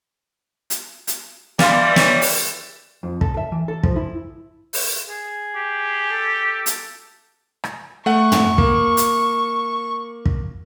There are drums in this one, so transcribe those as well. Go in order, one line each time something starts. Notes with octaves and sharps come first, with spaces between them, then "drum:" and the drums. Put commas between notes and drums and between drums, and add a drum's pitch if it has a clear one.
drum: hi-hat
drum: hi-hat
E3 G3 D5 F5 C6, drum: snare
C#5, drum: snare
drum: open hi-hat
F2
A4, drum: kick
E5
E3
A4
F3, drum: kick
E4
drum: open hi-hat
G#4
G4
A4
drum: hi-hat
drum: rim click
A3 F#5 C#6
drum: tom
A#3, drum: kick
drum: hi-hat
drum: kick